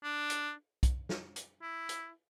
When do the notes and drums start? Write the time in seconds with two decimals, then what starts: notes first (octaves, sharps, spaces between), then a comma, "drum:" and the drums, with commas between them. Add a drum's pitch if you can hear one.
0.03 D4
0.30 drum: hi-hat
0.83 drum: kick B1, hi-hat
1.09 drum: snare
1.36 drum: hi-hat
1.62 E4
1.89 drum: hi-hat